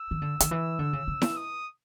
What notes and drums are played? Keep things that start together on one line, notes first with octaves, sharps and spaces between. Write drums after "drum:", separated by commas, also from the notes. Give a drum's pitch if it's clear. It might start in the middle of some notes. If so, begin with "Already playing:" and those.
Already playing: E6
D#3
D3
D#3, drum: hi-hat
E3
D3
C#3
C#3
drum: snare E4
D#6